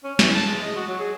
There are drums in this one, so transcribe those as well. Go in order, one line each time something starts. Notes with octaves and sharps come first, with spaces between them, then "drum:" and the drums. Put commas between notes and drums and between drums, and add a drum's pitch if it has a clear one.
C#4
E3, drum: snare
A5
G#3
D#5
F#4
F#3
G#4